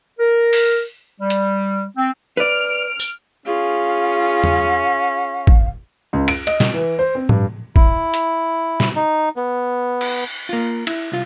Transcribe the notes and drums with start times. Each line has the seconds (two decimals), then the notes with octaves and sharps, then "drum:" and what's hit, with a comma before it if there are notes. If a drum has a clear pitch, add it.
0.19 A#4
0.53 drum: open hi-hat
1.21 G3
1.30 drum: hi-hat
1.97 C4
2.37 B4 D5 F6 D7
3.00 drum: tambourine
3.46 C#4 F4 G#4 F5
4.44 drum: tom E2
5.47 drum: kick
6.13 C#2
6.28 D7, drum: cymbal
6.47 D#5, drum: cymbal
6.60 drum: snare
6.74 E3
6.99 C5
7.15 C4
7.29 G2, drum: tom A2
7.76 E4, drum: kick
8.14 drum: hi-hat
8.80 drum: snare
8.96 D#4
9.36 B3
10.01 drum: cymbal
10.49 A#3 F4
10.87 E4, drum: cymbal
11.12 C2 F4